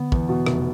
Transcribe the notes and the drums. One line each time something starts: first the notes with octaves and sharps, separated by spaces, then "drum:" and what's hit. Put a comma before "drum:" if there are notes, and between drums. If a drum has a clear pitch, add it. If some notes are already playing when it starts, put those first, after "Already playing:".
Already playing: D3 B3
E2, drum: kick
B2
F1, drum: rim click